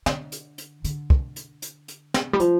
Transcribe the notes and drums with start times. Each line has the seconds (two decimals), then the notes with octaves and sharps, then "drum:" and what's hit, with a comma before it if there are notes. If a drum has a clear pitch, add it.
0.06 D3, drum: snare
0.32 drum: hi-hat
0.58 drum: hi-hat
0.84 D3, drum: hi-hat
1.10 drum: kick
1.36 drum: hi-hat
1.62 drum: hi-hat
1.88 drum: hi-hat
2.14 drum: snare
2.33 G3
2.40 F3, drum: hi-hat